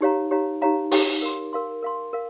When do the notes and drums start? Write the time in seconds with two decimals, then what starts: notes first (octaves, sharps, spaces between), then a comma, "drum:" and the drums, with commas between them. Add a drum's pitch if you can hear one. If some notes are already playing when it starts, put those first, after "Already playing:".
0.01 D#4 G4 C#5 F5 A#5
0.31 D#4 G4 C#5 F5 A#5
0.62 D#4 G4 C#5 F5 A#5
0.91 D#4 G4 C#5 F5 A#5, drum: open hi-hat
1.22 A#4 F5 C6
1.53 A#4 F5 C6
1.82 A#4 F5 C6
2.13 A#4 F5